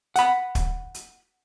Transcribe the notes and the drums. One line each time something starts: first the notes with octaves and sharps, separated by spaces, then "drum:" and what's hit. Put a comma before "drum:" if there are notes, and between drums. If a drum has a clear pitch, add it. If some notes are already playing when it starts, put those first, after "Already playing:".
F#5 B5, drum: hi-hat
drum: kick, hi-hat
drum: hi-hat